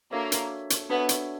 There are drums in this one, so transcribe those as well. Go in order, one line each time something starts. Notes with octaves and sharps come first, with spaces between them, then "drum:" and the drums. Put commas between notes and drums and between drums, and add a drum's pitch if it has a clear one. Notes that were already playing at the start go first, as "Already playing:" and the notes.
A#3 D4 F#4 A4 C#5 E5
drum: hi-hat
drum: hi-hat
B3 D4 F#4 A4 C#5 E5
drum: hi-hat